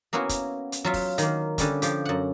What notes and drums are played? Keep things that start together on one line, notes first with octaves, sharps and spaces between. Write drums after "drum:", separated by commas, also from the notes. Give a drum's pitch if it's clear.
A#3 B3 C#4 E4 F#4
drum: kick, hi-hat
drum: hi-hat
F#3 F4 E5
drum: kick, open hi-hat
D#3 A#3, drum: hi-hat
D3 G3 C#4, drum: kick, hi-hat
F3 G4, drum: hi-hat
F#2 F#5